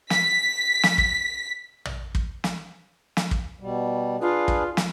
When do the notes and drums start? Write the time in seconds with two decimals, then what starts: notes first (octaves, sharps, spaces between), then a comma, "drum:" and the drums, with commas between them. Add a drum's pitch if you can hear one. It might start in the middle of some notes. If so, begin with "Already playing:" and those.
0.10 B6, drum: snare
0.83 drum: snare
0.98 drum: kick
1.85 drum: tom
2.15 drum: kick
2.44 drum: snare
3.17 drum: snare
3.31 drum: kick
3.60 B2 G3
4.21 D4 F4 G#4 B4
4.48 drum: kick
4.77 drum: snare